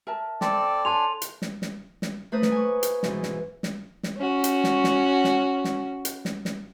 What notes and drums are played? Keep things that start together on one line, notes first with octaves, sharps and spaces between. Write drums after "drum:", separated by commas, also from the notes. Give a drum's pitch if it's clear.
A#4 E5 A5
C4 A4 D5, drum: snare
D4 A4 C#5 G#5 A5 C6 F7
drum: hi-hat
drum: snare
drum: snare
drum: snare
A3 B4 C5 A#5 D#6
drum: snare
G#5 C#6
drum: hi-hat
G#2 B2 E3, drum: snare
drum: snare
drum: snare
drum: snare
C#4 F#4
drum: hi-hat
drum: snare
drum: snare
drum: snare
drum: snare
drum: hi-hat
drum: snare
drum: snare